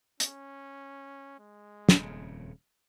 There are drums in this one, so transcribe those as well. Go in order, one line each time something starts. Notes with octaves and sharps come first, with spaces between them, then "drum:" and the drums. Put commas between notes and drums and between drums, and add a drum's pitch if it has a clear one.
C#4, drum: hi-hat
G#3
D#1 F2 C#3, drum: snare